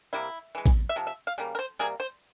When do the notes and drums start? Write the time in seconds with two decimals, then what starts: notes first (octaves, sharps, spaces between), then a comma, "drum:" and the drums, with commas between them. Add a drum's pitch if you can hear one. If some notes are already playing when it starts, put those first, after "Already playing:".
0.13 C3 G3 A#3 E4
0.55 E3 G#3
0.66 drum: kick A1
0.89 E5
0.96 C3 F3
1.07 E5
1.27 F5
1.38 C#3 G3 A#3
1.55 A#4
1.59 C5
1.79 C3 G3 A#3 G#4
2.00 C5